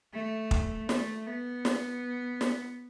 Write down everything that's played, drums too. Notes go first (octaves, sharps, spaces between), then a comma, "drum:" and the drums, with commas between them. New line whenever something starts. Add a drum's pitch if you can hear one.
A3
drum: kick
A3, drum: snare
B3
drum: snare
drum: snare